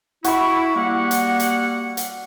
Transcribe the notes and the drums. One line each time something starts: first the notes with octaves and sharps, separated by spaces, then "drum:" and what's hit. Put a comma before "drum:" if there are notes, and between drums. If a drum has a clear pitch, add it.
E4 F#4 C#6, drum: hi-hat
G3 A#3 F#5
drum: hi-hat
drum: hi-hat
drum: hi-hat